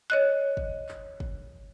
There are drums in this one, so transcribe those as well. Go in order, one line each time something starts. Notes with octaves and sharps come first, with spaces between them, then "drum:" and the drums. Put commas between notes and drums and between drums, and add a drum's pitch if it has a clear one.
C#5 D#5 F#6
drum: kick
drum: clap
drum: kick